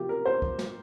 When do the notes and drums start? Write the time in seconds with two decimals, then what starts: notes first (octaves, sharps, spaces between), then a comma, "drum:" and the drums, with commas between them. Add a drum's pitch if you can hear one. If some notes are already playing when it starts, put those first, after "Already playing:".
Already playing: C3 F3 A#3 F4 G4
0.09 A#4
0.26 C5
0.42 drum: kick
0.59 drum: snare